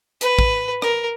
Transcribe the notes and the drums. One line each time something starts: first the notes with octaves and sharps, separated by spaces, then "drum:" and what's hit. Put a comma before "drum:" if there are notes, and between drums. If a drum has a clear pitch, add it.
B4, drum: hi-hat
drum: kick
A#4, drum: rim click